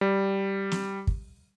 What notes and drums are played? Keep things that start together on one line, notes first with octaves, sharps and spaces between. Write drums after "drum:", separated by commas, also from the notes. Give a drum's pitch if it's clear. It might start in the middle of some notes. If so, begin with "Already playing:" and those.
G3
drum: snare
drum: kick